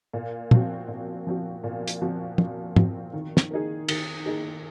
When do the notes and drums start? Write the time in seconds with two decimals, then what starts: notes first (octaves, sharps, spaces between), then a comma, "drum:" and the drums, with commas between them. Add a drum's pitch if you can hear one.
0.13 A#2
0.51 F3 C4 F#4, drum: tom
0.88 A#2
1.27 F3 C4 F#4
1.64 A#2
1.88 drum: hi-hat
2.01 F3 C4 F#4
2.38 A#2, drum: tom
2.76 F3 C4 F#4, drum: tom G#2
3.14 D#3
3.37 drum: snare
3.51 A#3 D#4 G#4
3.89 D#3, drum: cymbal
4.26 A#3 D#4 G#4